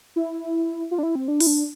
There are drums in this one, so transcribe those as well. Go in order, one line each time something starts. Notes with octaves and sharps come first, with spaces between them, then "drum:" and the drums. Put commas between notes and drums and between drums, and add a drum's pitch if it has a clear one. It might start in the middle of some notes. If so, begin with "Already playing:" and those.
E4
F4
D4
E4
C4
D4
E4, drum: open hi-hat
D4